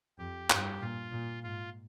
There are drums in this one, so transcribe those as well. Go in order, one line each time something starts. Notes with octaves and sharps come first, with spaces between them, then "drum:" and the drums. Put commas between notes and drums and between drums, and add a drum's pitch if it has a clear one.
F2 G4
G2, drum: clap
A#2 F4
A#2
G#2 F4